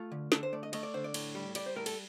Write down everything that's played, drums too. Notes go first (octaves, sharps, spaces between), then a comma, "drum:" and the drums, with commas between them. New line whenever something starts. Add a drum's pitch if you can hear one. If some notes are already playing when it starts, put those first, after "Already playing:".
Already playing: A3 F4
D3
D3 A4, drum: snare
C5
A3 D5
D#5
A3 D#5, drum: cymbal
D5
D3 C5
D5
A2, drum: cymbal
G3
G3 D5, drum: cymbal
C5
A2 A#4
A4, drum: cymbal